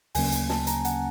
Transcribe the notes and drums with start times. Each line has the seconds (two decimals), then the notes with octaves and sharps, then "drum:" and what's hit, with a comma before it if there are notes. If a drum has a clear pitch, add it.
0.15 D2 C#3 F#3 A#3 C#4 G#5, drum: open hi-hat
0.32 drum: hi-hat
0.49 A5, drum: snare
0.67 A#5, drum: hi-hat
0.85 F#5, drum: hi-hat